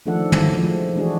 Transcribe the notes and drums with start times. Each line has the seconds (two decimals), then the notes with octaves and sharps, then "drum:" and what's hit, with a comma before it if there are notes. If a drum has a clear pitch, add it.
0.06 D#3 F3 A3 D4 A4 F#5
0.32 F#3 E4, drum: tom
0.57 F3 G#3 A3
0.96 E3 G#3 D4 E4 F#4 G#4